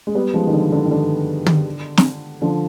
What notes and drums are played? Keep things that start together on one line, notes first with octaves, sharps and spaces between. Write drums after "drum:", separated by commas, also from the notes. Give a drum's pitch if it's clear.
G#3
G3 B3
F3 G#3
D#3
D3 F3
D3
D#3
D3
drum: tom
drum: snare
D3 F3